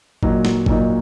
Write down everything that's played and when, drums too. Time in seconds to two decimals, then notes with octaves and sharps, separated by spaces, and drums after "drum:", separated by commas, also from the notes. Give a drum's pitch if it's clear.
0.23 A#2 F#3 A#3 D#4, drum: kick G#1
0.45 drum: snare
0.66 A#2 F#3 A#3 D#4, drum: kick G#1